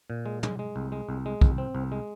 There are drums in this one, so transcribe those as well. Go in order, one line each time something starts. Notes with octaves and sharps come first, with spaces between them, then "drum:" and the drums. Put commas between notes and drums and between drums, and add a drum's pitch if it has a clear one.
A#2
G#3
G#3, drum: tom
G#3
C2
G#3
C2
G#3
C2, drum: kick
C4
C2
G#3